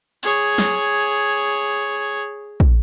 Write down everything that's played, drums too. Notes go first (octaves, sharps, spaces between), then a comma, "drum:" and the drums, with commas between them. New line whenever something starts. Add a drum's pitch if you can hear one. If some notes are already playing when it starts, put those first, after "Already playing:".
G#4 C#5, drum: hi-hat
drum: snare
drum: kick